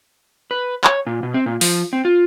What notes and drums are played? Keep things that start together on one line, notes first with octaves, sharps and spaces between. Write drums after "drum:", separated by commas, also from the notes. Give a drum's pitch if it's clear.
B4
C#5, drum: clap
A#2
B2
C4
A#2
F3, drum: open hi-hat
C4
F4